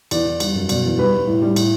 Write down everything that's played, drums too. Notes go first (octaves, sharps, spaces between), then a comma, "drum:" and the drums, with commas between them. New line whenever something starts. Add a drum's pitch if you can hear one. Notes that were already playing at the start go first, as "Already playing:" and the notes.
E2 D5, drum: cymbal
E2
G3, drum: cymbal
F#2
B2 D5, drum: cymbal
E2
G3 B4
G3
A2
G3
A2, drum: cymbal